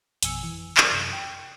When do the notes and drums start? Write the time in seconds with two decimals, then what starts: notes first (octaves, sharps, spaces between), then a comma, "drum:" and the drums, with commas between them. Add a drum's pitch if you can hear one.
0.23 A1 F2 B2 G#5 E6 C#7, drum: hi-hat
0.43 E3
0.77 A#4 D5, drum: clap
0.92 F#2 C3
1.13 G5